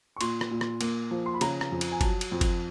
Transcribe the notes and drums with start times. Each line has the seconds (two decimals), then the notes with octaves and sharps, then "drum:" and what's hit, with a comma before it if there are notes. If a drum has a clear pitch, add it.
0.16 C#6
0.21 A#2 C6, drum: cymbal
0.41 drum: rim click
0.51 A#2
0.61 drum: rim click
0.81 A#3, drum: cymbal
1.11 F3
1.26 C6
1.34 B5
1.41 C#3 A#5, drum: cymbal
1.61 drum: rim click
1.72 F2
1.81 drum: cymbal
1.92 G#5
2.01 F#3 A5, drum: kick G1, cymbal
2.21 drum: cymbal
2.32 F2
2.41 drum: kick G1, cymbal